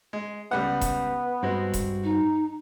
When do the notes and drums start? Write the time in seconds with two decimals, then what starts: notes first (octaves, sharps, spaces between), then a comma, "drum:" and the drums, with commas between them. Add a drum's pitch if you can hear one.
0.13 G#3
0.51 C#2 G3 B3 F#5
0.81 drum: kick E1, hi-hat
1.43 G2 G#3 C4 F#4
1.74 drum: kick E1, hi-hat
2.04 D#4